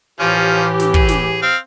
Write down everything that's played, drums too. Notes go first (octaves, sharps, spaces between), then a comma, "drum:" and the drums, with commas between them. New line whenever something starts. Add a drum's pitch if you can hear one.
A2 E3 F3 C#4 F4 G4
drum: snare
G#4, drum: kick
drum: snare
C4 F5